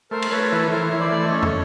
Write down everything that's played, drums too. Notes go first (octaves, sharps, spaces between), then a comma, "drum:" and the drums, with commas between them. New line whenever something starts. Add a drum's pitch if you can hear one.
A3 A#4 C5
drum: cymbal
A3 B4 C#5
A#4
E3 A4 B4
B4
E3 A#4 C5
E3 C#5
C5 D5
A3
C#5 D#5
C#4
drum: tom